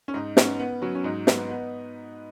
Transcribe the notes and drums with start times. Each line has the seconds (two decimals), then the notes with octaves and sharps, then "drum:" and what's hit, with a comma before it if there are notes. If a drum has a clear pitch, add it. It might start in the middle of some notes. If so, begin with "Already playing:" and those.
0.08 C#4
0.14 G#2 D#4
0.37 B3 C#4, drum: snare
0.59 B3
0.82 F#3 C#4
0.95 C#4
1.04 G#2 D#4
1.27 B3, drum: snare
1.50 B3